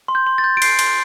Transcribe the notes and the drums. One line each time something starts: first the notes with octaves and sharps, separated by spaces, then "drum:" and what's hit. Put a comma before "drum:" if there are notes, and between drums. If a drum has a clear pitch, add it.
C6
G6
C6
A6
G6
D7
G6 C7, drum: cymbal
C6, drum: cymbal